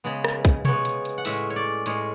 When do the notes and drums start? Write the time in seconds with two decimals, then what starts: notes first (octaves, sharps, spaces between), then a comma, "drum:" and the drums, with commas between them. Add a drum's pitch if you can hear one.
0.04 C#3 G#3 B3
0.24 drum: rim click
0.45 drum: kick, hi-hat
0.65 C#3 G#3 B3 C#5, drum: tom B2
0.85 drum: hi-hat
1.05 drum: hi-hat
1.18 F#5
1.25 A2 G#3 C#4 E5, drum: open hi-hat
1.50 C#5
1.56 D5
1.86 A2 G#3 C#4 C#5, drum: hi-hat